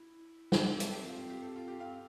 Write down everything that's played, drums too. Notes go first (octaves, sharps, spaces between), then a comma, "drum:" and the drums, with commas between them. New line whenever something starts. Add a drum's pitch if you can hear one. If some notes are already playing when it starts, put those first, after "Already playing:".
Already playing: E4
drum: snare
C4 C5
B3 A4, drum: hi-hat
C4
G4
F4
F4
G4
A4
F4
G4
C4 F5